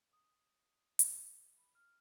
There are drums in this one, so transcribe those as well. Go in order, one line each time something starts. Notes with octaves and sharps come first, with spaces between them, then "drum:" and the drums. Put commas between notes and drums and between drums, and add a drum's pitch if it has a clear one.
D#6
drum: hi-hat
B5
F6